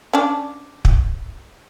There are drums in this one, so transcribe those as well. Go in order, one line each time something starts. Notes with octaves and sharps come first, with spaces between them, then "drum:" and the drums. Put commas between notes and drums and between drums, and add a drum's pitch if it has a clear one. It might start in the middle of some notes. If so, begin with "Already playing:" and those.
C#4 D4
drum: kick